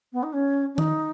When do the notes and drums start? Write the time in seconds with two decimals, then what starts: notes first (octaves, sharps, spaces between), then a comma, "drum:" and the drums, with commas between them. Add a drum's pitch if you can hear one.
0.12 B3
0.22 D#4
0.32 C#4
0.74 C#4
0.78 D#4, drum: tom D#3